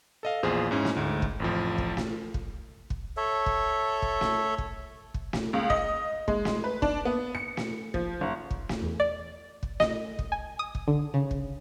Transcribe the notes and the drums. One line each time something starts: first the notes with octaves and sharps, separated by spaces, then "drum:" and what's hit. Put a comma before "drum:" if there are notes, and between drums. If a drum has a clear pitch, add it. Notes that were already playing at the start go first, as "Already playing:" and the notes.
A4 D#5 F5
A#1 E2 F4 G#4 C5
G#2 C#4 E4
drum: snare
D2 G#2
drum: kick
A1 F2 F3
drum: kick
drum: snare
drum: kick
drum: kick
A4 C#5 E5
drum: kick
drum: kick
drum: snare
drum: kick
drum: kick
drum: snare
C#2
D#5, drum: kick
G#3, drum: kick
drum: snare
B4
D4, drum: kick
B3
C#7
drum: snare
F3, drum: kick
F#1
drum: kick
drum: snare
E2
D5
drum: kick
D#5, drum: snare
drum: kick
G#5
D#6
drum: kick
D3
C#3
drum: kick